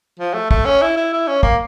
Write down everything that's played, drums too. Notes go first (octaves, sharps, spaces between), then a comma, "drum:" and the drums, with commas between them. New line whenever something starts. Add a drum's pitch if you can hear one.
F3
A3
A3, drum: kick
C#4
E4
E4
E4
C#4
A#3, drum: kick